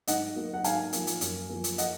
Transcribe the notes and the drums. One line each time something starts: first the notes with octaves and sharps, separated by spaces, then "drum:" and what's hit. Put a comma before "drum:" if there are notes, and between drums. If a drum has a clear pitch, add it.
G#2 D#5 F#5, drum: hi-hat
F#3 A#3
F#5
G#2 F5 G#5, drum: hi-hat
F3 A#3, drum: hi-hat
drum: hi-hat
F#2, drum: hi-hat
F3 A#3
drum: hi-hat
D#5 F#5, drum: hi-hat